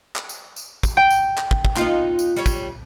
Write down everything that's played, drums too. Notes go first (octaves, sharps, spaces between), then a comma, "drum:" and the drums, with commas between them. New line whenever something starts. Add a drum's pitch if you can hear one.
drum: clap
drum: tambourine
drum: tambourine
drum: kick, tambourine
G5
drum: tambourine
drum: clap
drum: kick
drum: kick
B3 D#4 F4, drum: clap
drum: tambourine
G3 C#5
drum: kick, tambourine